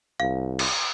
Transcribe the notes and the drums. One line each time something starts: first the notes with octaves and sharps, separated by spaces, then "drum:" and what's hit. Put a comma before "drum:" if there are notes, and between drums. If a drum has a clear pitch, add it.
C2 F5
drum: cymbal